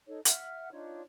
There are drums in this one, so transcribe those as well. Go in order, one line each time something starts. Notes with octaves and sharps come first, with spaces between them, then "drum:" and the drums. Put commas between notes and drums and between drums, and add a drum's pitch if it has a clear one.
D#4 A4 C#5
E5 F#5 F6, drum: hi-hat
D4 D#4 F4 C#5